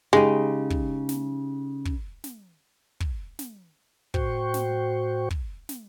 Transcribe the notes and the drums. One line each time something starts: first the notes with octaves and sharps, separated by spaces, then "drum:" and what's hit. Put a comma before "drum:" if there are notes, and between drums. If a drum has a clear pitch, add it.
C#3 G#3 D#4 G4
drum: kick
drum: snare
drum: kick
drum: snare
drum: kick
drum: snare
A2 F#4 C5 G5 C#6, drum: kick
drum: snare
drum: kick
drum: snare